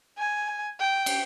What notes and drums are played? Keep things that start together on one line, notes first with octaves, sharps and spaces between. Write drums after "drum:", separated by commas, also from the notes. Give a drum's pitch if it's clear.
G#5
G5
drum: cymbal